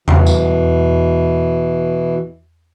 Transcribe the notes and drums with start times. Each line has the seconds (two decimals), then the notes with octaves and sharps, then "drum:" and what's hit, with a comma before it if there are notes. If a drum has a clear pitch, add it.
0.08 B2 E3, drum: tom
0.26 drum: tambourine